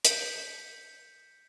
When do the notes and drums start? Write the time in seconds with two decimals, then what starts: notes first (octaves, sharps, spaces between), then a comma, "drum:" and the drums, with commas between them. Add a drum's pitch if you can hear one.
0.05 G6 B6 C#7 D7, drum: hi-hat